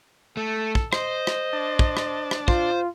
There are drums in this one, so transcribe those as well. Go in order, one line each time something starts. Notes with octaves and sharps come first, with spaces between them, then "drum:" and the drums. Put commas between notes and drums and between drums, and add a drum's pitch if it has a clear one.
A3 A4
drum: kick
C5 D#5, drum: rim click
drum: rim click
D4 A5
drum: kick
drum: rim click
drum: rim click
F4 C5, drum: kick